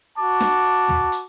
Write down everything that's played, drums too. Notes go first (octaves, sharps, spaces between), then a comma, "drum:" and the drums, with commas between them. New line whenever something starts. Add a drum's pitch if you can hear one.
F#4 A5 D6
drum: snare
drum: tom
drum: hi-hat